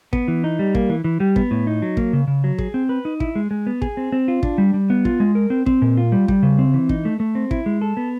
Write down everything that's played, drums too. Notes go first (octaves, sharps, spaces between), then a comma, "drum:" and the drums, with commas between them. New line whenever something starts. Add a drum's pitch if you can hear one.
B3, drum: kick
E3
D#4
G3
A#3, drum: kick
E3
E3
G3
B3, drum: kick
A2
D#4
F#3
A#3, drum: kick
C#3
C#3
F#3
G#4, drum: kick
C4
B4
D#4
E4, drum: kick
G#3
G#3
B3
G#4, drum: kick
C4
C4
F4
D4, drum: kick
G3
G3
B3
F4, drum: kick
G#3
A#4
C4
C4, drum: kick
A#2
F4
G3
G3, drum: kick
C#3
C4
E3
D#4, drum: kick
A3
A3
C4
E4, drum: kick
G#3
A4
B3